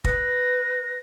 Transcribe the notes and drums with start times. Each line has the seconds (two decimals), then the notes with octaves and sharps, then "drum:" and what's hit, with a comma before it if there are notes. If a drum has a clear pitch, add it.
0.04 B4 A#6, drum: kick